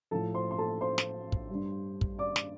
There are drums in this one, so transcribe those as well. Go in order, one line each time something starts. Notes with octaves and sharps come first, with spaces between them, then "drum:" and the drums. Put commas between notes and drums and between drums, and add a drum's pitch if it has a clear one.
A2 F3 A4 A5
C5 C6
C6
A4 A5
C5 C6
drum: snare
drum: kick
G2 G3
drum: kick
D5 D6
drum: snare